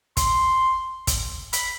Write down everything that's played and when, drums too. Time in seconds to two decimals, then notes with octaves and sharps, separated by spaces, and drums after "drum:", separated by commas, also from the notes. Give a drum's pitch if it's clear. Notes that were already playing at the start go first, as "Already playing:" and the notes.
0.17 C6, drum: kick, hi-hat
1.07 drum: kick, hi-hat
1.53 B5, drum: hi-hat